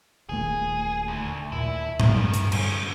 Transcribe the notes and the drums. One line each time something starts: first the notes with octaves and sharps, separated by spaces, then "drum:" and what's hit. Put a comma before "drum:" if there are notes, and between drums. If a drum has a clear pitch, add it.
D#1 D#2 A3 G#4
D2
D#2 A#2 E4
G2 D#3 F3 G3, drum: tom A2
drum: hi-hat
D2 C#4, drum: cymbal